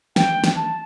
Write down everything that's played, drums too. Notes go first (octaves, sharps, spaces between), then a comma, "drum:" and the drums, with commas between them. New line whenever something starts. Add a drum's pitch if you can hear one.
G5, drum: snare
drum: snare
A5